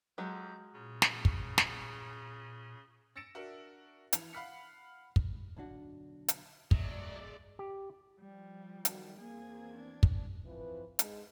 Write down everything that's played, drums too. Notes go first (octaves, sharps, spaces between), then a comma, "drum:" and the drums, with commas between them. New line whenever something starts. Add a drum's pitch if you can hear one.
F2 F#3 G#3 G6
A#2 C#3
drum: snare
drum: kick
drum: snare
E6 A6 A#6 C#7 D7 E7
D4 F#4 A#4 E5
E3 F7, drum: hi-hat
F5 F#5 B5 F6 B6 C#7
drum: kick
B1 D3 D4 F#4
drum: hi-hat
F#3 G#3 D5 E5, drum: kick
G4
F3 G3
B1 D#3 F#4, drum: hi-hat
E2 A#3 C4 G#4 G#6
D4
drum: kick
E3 F3 C4 B4
G#2 G#3, drum: hi-hat